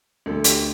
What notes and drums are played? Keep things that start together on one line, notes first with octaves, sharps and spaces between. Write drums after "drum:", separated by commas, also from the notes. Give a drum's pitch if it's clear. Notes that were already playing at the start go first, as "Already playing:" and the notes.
D2 D3 A3 A4
G4, drum: hi-hat